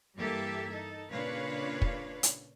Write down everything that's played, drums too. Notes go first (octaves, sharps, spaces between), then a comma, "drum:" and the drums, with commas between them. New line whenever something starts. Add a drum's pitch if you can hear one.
G2 E3 A#3 G4 A4 E5
D#4 A4
A#2 C#3 D4 B4 C#5 F5
drum: kick
drum: hi-hat